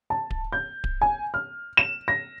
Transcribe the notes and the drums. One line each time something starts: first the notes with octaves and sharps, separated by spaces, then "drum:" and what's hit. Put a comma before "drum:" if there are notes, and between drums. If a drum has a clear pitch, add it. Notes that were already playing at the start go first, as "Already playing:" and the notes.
A5
drum: kick D1
G6
drum: kick D1
G#5
F6
E7
A#6